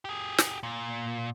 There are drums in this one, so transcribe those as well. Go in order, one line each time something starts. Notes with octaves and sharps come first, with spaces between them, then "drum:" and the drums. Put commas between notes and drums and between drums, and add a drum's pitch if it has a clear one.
G4 G#4
drum: snare
A#2